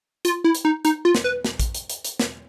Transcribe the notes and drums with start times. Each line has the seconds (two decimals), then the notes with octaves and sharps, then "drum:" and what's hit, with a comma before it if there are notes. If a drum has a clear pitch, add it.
0.25 F4, drum: hi-hat
0.44 E4
0.55 drum: hi-hat
0.65 D#4
0.85 D#4, drum: hi-hat
1.05 F4
1.15 drum: snare
1.24 B4
1.45 drum: snare
1.60 drum: kick, hi-hat
1.75 drum: hi-hat
1.90 drum: hi-hat
2.05 drum: hi-hat
2.20 drum: snare